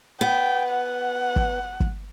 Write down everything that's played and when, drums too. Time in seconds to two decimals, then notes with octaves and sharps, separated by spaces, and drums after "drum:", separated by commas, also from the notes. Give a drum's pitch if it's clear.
0.21 B3 G5
0.70 F#5
1.36 drum: kick
1.80 drum: kick